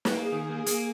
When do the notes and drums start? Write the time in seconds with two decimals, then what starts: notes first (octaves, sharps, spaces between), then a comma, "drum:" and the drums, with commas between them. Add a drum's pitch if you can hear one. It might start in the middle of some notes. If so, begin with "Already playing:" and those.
0.05 drum: snare
0.15 A#3 G#4
0.32 D#3
0.49 A#3
0.66 A#3, drum: hi-hat